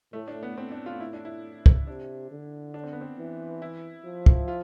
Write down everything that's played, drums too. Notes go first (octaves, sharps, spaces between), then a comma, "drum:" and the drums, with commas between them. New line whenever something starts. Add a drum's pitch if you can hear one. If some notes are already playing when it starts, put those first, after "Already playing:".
A2 A3
D4
B3
A2 C4
D4
F4
E4
D4
E4
drum: kick
C3 D4
D3
D4
C4
B3
C4
E3
E4
F3
drum: kick
F4